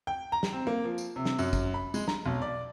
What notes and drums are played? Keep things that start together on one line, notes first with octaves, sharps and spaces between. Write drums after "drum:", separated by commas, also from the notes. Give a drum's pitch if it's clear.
G5
A#5
drum: snare
C4
A#3
F3
drum: tambourine
C3
drum: snare
F#2, drum: tambourine
drum: kick, tambourine
B5
G#3, drum: tambourine
A#5, drum: snare
B1
D5